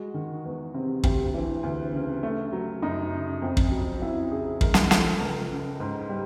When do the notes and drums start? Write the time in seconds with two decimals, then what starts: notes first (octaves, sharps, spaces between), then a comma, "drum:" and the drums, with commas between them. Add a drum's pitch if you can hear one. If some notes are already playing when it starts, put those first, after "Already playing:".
Already playing: G#3 F#4
0.14 D#3
0.45 E2
0.74 C3
1.03 D2 G4, drum: kick
1.34 E3
1.63 D2
1.93 C#3
2.23 A3
2.53 F#3
2.82 F#2 D#4
3.12 C#3
3.42 F2
3.57 drum: kick
3.72 F#3
4.02 F2 E4
4.31 C#3 G#4
4.61 G#3 A#4, drum: kick
4.74 drum: snare
4.91 F3 A4, drum: snare
5.20 C#2 A#4
5.50 C#3
5.80 G#2
6.09 G3